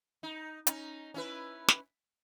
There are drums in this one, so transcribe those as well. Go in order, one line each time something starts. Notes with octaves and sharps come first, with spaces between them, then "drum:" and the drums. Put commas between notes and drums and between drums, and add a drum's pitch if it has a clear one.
D#4
C#4 D#4, drum: hi-hat
C#4 E4 B4
drum: snare